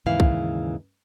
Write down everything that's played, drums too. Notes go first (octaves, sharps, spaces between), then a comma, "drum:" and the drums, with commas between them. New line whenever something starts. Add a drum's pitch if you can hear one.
D#2 G#2 C#3 E3 E4 F5
drum: kick B1